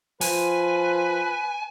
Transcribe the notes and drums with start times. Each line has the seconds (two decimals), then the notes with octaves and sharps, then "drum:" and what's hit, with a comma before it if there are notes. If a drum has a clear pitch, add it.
0.21 F3 B4 G#5, drum: open hi-hat